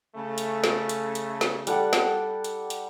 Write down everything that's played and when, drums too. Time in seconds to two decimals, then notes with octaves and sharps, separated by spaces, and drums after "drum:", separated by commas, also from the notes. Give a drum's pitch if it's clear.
0.15 C#3 A3
0.38 drum: hi-hat
0.64 drum: snare
0.89 drum: hi-hat
1.15 drum: hi-hat
1.41 drum: snare
1.67 G3 A4 F#5, drum: hi-hat
1.93 drum: snare
2.44 drum: hi-hat
2.70 drum: hi-hat